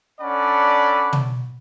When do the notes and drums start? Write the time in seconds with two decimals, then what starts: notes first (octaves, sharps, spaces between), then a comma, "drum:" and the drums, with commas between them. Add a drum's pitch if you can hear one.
0.21 C#4 D4 A4 D5 F#5 B5
1.13 drum: tom